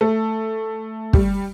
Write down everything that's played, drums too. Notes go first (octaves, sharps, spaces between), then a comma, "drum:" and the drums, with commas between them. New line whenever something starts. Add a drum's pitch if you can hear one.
A3
G3, drum: kick